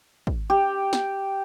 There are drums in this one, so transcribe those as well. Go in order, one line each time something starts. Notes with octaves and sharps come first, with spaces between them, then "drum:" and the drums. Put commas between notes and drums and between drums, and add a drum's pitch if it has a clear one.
drum: kick
G4
drum: snare